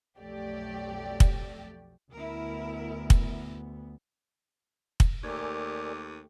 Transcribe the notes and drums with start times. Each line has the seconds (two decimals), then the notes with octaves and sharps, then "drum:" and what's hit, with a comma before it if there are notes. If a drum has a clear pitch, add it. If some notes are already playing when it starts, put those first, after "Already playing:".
0.18 B1 F2 F#3 A3 G4 D5
1.20 drum: kick
2.11 D2 B3 E4 A#4
3.10 drum: kick
5.00 drum: kick
5.24 D#2 A3 G4 A#4 D5 G#5